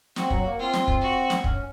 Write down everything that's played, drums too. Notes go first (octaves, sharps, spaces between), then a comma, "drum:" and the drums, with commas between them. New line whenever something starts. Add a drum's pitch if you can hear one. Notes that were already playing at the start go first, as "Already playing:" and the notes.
C4 F#4, drum: snare
F#3, drum: kick
A#3
C4 F4
drum: snare
drum: kick
F#4
drum: snare
C#4, drum: kick